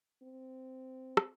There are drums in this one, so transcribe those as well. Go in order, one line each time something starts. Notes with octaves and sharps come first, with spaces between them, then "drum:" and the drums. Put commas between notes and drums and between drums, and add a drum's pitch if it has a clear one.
C4
drum: rim click